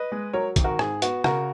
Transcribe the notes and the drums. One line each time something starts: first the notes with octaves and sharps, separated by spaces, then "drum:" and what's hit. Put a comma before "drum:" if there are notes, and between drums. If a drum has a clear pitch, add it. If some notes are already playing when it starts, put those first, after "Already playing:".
Already playing: B4 D#5
G#3
F#3 A#4 C#5
G#1, drum: kick, hi-hat
F#4 A#4
G#2 G#4, drum: rim click
B3 F#4, drum: hi-hat
C#3 F#4 A#4, drum: rim click